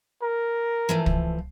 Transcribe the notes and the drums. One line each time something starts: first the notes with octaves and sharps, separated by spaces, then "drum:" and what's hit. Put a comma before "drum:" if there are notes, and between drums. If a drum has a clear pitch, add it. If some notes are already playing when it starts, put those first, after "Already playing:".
A#4
E3 F3 A3
drum: kick